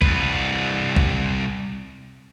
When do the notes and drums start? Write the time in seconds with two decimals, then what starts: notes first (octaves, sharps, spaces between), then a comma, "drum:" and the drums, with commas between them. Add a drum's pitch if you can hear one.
0.02 C2 B4, drum: kick
0.96 drum: kick